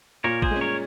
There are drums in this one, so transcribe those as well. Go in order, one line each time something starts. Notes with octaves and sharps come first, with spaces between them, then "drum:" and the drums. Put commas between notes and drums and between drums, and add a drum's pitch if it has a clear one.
A#2 A#4 C#5
G#4 C5, drum: kick
G#3 C#4
A#4 C#5